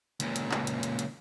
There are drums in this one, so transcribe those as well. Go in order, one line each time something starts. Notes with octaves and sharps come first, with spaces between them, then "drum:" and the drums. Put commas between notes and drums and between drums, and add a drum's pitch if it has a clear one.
C#2 A#2, drum: hi-hat
drum: hi-hat
drum: clap
drum: hi-hat
drum: hi-hat
drum: hi-hat